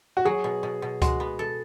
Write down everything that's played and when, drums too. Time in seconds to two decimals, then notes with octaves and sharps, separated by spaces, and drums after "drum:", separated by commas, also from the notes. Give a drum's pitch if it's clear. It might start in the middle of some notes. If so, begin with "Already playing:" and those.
0.17 F#4
0.25 F#3 G#4
0.44 B2
0.63 B2
0.82 B2
1.02 G#3 F#4, drum: kick C#2, hi-hat
1.20 B3
1.39 A4